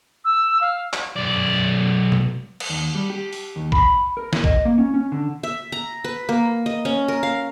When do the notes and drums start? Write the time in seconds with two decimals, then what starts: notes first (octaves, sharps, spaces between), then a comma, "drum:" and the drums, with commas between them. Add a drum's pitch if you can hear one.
0.25 E6
0.61 F5
0.93 drum: clap
1.16 B1 D5
2.12 drum: tom B2
2.60 drum: cymbal
2.70 D#2
2.95 G3
3.10 G4
3.33 drum: open hi-hat
3.56 D#2
3.72 B5, drum: kick
4.17 A#4
4.33 drum: snare
4.44 D#5, drum: kick
4.65 A#3
4.78 C#4
4.94 C#4
5.12 D3
5.43 E5
5.72 A#5
6.04 B4
6.29 A#3
6.66 D#5
6.85 C#4
7.08 A#4
7.23 F5